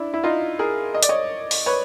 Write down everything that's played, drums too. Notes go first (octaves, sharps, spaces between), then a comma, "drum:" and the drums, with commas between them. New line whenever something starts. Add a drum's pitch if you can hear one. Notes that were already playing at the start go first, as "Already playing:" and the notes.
Already playing: D4 E4
E4
D#4 F4
G#4 A#4
D#5
D5, drum: hi-hat
C#5 D#5
drum: open hi-hat
B4 C#5